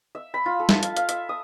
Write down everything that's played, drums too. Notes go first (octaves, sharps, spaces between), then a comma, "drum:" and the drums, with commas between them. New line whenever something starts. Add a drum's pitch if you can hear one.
E5
B5
F4
A4
drum: snare
F5, drum: hi-hat
F5, drum: hi-hat
E5, drum: hi-hat
D#6